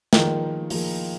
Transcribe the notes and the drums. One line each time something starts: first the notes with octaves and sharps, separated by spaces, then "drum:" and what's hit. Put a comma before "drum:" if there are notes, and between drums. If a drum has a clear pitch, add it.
D#3 F3 A#3 F4 G#4, drum: snare
F3 A#3 F4 G#4, drum: open hi-hat